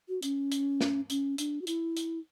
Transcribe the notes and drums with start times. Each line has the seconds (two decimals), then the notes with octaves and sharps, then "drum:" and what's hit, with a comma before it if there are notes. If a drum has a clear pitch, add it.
0.09 F#4
0.23 C#4, drum: hi-hat
0.52 drum: hi-hat
0.81 drum: snare
1.10 C#4, drum: hi-hat
1.38 D4, drum: hi-hat
1.62 F#4
1.67 E4, drum: hi-hat
1.97 drum: hi-hat